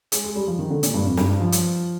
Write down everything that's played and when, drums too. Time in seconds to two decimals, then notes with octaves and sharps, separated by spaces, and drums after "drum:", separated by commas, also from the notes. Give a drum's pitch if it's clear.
0.12 G#3, drum: hi-hat
0.24 G#3
0.35 G3
0.47 F3
0.59 D#3
0.70 D3
0.83 A#2, drum: hi-hat
0.94 G2
1.05 F2
1.17 G2, drum: snare
1.29 G2
1.41 F3
1.52 drum: hi-hat